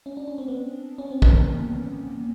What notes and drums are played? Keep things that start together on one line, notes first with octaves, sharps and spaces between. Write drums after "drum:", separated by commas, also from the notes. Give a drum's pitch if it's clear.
C#4
D4
C#4
C4
B3
C#4
C4
B3, drum: kick
A#3